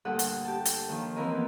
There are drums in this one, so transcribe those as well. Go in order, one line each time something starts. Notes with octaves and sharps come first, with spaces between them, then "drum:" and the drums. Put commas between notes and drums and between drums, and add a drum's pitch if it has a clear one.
D2 G2 A#2 A4 F#5 D#6
drum: hi-hat
G4 A5
drum: hi-hat
D#2 D#3 F3
E3 F3 C4 E4 A#4 D#5
A#3 B3